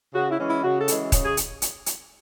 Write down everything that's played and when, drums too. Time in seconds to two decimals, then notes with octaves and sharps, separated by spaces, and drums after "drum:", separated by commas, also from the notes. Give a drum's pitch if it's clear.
0.14 C#3 F#4
0.31 E4
0.39 E3 G#3 C#4
0.47 E4
0.63 C#3 F#4
0.80 A4
0.88 E3 G#3 C#4, drum: hi-hat
1.12 C#3, drum: kick D#1, hi-hat
1.25 G#4
1.37 drum: hi-hat
1.62 drum: hi-hat
1.86 drum: hi-hat